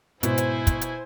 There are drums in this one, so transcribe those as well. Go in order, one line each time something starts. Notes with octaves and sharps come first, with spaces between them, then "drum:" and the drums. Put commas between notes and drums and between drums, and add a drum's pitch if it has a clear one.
G#2 B2 E4 C5 G#5, drum: hi-hat
drum: hi-hat
drum: kick, hi-hat
drum: hi-hat